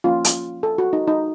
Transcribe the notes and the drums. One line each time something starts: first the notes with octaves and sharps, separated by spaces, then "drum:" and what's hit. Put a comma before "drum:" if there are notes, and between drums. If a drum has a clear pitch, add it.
F3 A#3 C#4 F4
drum: hi-hat
A4
F#4
D#4
D#4